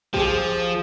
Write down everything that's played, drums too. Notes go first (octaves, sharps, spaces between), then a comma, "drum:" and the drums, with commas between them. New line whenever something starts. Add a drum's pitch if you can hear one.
F3 G4 G#4, drum: kick A#1